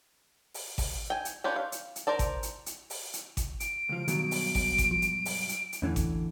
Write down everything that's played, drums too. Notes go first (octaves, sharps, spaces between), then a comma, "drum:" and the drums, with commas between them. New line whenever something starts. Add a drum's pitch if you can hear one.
drum: open hi-hat
drum: kick G#1, open hi-hat
G5 G#5
drum: hi-hat
C#4 D4 F4 G4 B4
F5
drum: hi-hat
drum: hi-hat
A#4 C5 D5 A5
drum: kick G#1, hi-hat
drum: hi-hat
drum: hi-hat
drum: open hi-hat
drum: hi-hat
drum: kick G#1, hi-hat
D7, drum: hi-hat
C#2 F3
G2 B2 D#3 F#3, drum: hi-hat
drum: open hi-hat
drum: kick G#1, open hi-hat
drum: kick G#1, hi-hat
F3
drum: hi-hat
drum: open hi-hat
drum: hi-hat
drum: hi-hat
E2 A2 D3 E3 C#4
drum: kick G#1, hi-hat